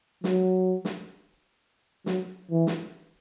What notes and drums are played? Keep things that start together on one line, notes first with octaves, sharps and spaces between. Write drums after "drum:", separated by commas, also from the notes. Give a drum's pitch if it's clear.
F#3, drum: snare
drum: snare
F#3, drum: snare
E3
drum: snare